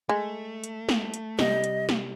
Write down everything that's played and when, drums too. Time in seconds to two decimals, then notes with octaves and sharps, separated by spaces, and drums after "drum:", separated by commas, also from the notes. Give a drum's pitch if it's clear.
0.09 G#3 A3
0.64 drum: hi-hat
0.89 drum: snare
1.14 drum: hi-hat
1.39 C3 G3 D#5, drum: snare
1.64 drum: hi-hat
1.89 drum: snare